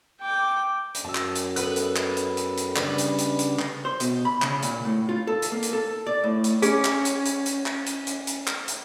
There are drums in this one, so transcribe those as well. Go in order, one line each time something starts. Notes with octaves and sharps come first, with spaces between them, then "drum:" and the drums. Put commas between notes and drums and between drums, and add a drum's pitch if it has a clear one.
G5 D6
drum: hi-hat
F#2 A5 E6
drum: clap
drum: hi-hat
B3 A4 B4 F#6, drum: hi-hat
drum: hi-hat
drum: clap
drum: hi-hat
drum: hi-hat
drum: hi-hat
C#3 G3 B3 D4, drum: clap
drum: hi-hat
drum: hi-hat
drum: hi-hat
drum: clap
C5
B2, drum: hi-hat
B5
C#3, drum: clap
A#2, drum: hi-hat
A2
F4
A4
drum: hi-hat
A#3
drum: hi-hat
A4
D5
A2
drum: hi-hat
C#4 G#4, drum: hi-hat
drum: clap
drum: hi-hat
drum: hi-hat
drum: hi-hat
drum: clap
drum: hi-hat
drum: hi-hat
drum: hi-hat
drum: clap
drum: hi-hat